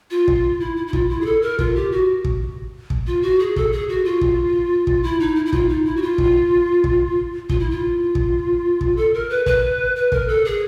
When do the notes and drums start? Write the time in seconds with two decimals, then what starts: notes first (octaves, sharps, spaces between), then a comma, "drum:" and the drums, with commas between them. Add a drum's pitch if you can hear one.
0.11 F4
0.28 drum: kick
0.60 E4
0.77 E4
0.87 E4
0.93 F4, drum: kick
1.10 E4
1.21 G#4
1.26 A4
1.42 A#4
1.59 F4, drum: kick
1.75 G4
1.92 F#4
2.24 drum: kick
2.90 drum: kick
3.07 F4
3.22 F#4
3.39 G#4
3.56 A4, drum: kick
3.72 G#4
3.89 F#4
4.05 F4
4.21 drum: kick
4.87 drum: kick
5.03 E4
5.20 D#4
5.36 E4
5.46 E4
5.53 F4, drum: kick
5.69 D#4
5.85 E4
5.96 F#4
6.02 F4
6.18 drum: kick
6.84 drum: kick
7.49 F4, drum: kick
7.60 E4
7.71 F4
8.15 drum: kick
8.81 drum: kick
8.97 A4
9.14 A#4
9.30 B4
9.46 B4, drum: kick
9.96 B4
10.12 A#4, drum: kick
10.28 A4
10.45 G#4